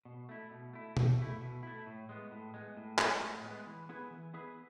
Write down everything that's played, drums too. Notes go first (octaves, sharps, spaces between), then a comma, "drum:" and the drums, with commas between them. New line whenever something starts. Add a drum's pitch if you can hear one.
B2
A3 E4
B2
A3 E4
B2, drum: tom B2
A3 E4
B2
A3 E4
A2
G#3 B3
A2
G#3 B3
A2
G#3 B3, drum: clap
A2
G#3 B3
E3
B3 E4 G#4 B4
E3
B3 E4 G#4 B4